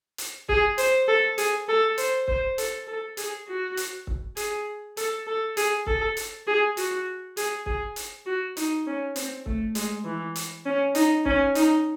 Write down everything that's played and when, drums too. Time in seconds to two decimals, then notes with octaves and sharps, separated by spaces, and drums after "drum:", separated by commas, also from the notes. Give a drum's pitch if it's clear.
0.18 drum: hi-hat
0.49 G#4, drum: kick
0.78 C5, drum: hi-hat
1.08 A4
1.38 G#4, drum: hi-hat
1.68 A4
1.98 C5, drum: hi-hat
2.28 C5, drum: kick
2.58 A4, drum: hi-hat
2.87 A4
3.17 G#4, drum: hi-hat
3.48 F#4
3.77 drum: hi-hat
4.07 drum: kick
4.37 G#4, drum: hi-hat
4.97 A4, drum: hi-hat
5.27 A4
5.57 G#4, drum: hi-hat
5.87 A4, drum: kick
6.17 drum: hi-hat
6.47 G#4
6.77 F#4, drum: hi-hat
7.37 G#4, drum: hi-hat
7.66 G#4, drum: kick
7.96 drum: hi-hat
8.26 F#4
8.57 D#4, drum: hi-hat
8.87 C#4
9.16 C4, drum: hi-hat
9.46 A3, drum: kick
9.75 G#3, drum: hi-hat
10.05 E3
10.36 drum: hi-hat
10.65 C#4
10.95 D#4, drum: hi-hat
11.25 C#4, drum: kick
11.55 D#4, drum: hi-hat